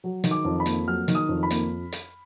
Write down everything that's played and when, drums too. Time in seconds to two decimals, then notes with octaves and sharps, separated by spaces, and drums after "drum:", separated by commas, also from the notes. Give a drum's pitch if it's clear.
0.04 F#3
0.24 D#3, drum: hi-hat
0.31 D6
0.45 F2
0.60 B5
0.66 A#3, drum: hi-hat
0.87 F#3 F6
1.08 D#3, drum: hi-hat
1.15 D#6
1.29 F2
1.43 B5
1.51 A#3, drum: hi-hat
1.93 drum: hi-hat